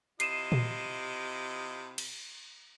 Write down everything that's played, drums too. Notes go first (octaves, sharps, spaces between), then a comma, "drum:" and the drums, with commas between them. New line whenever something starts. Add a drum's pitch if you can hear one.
C3 E4 F4 D#5 C7 D#7 E7, drum: hi-hat
drum: tom A#2
drum: cymbal